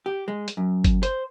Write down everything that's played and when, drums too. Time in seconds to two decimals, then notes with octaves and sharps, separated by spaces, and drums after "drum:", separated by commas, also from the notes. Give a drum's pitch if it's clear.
0.06 G4
0.28 G#3
0.48 drum: hi-hat
0.57 F#2
0.84 drum: kick, hi-hat
1.03 C5, drum: hi-hat